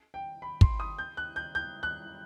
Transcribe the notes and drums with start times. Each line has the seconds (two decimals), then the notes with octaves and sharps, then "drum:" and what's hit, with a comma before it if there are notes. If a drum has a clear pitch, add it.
0.14 G5
0.42 B5
0.61 C6, drum: kick
0.80 D#6
0.98 G6
1.17 F#6
1.36 G6
1.55 G6
1.83 F#6